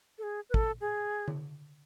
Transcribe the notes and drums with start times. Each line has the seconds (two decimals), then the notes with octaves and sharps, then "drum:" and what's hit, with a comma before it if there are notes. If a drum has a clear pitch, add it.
0.18 A4
0.23 G#4
0.50 B4
0.54 A4, drum: kick
0.81 G#4
1.28 drum: tom D3